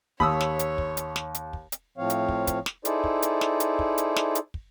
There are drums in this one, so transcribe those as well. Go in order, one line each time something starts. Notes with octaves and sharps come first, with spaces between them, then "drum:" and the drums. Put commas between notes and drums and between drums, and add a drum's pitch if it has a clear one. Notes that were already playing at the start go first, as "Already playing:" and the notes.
D#2 C#5 B5 D#6 E6, drum: kick
drum: snare
drum: hi-hat
drum: kick
drum: hi-hat
drum: snare
drum: hi-hat
drum: kick
drum: hi-hat
A2 F3 C4 C#5 F5
drum: hi-hat
drum: kick
drum: kick, hi-hat
drum: snare
D#4 E4 G#4 A4 C5 D5, drum: hi-hat
drum: kick
drum: hi-hat
drum: snare
drum: hi-hat
drum: kick
drum: hi-hat
drum: snare
drum: hi-hat
drum: kick